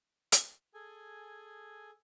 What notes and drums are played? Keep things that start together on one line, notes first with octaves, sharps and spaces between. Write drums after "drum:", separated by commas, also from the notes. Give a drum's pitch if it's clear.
drum: hi-hat
G#4 A4 G#5